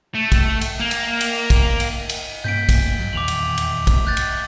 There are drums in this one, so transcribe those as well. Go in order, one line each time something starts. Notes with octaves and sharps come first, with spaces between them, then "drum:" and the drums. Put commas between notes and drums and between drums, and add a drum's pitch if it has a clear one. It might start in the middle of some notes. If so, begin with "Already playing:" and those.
A3
drum: kick, cymbal
drum: cymbal
A#3
drum: cymbal
drum: cymbal
drum: kick, cymbal
drum: cymbal
drum: cymbal
G2 A#3 C#4 G6 B6 D7
drum: kick, cymbal
F#3 G3
D#1 E2 D6 F7 F#7
drum: cymbal
drum: cymbal
drum: kick, cymbal
F#6 G6 A6
drum: cymbal